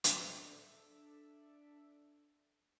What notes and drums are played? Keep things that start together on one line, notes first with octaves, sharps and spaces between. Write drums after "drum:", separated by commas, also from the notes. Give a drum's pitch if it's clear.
D4 A4 D5 E5, drum: hi-hat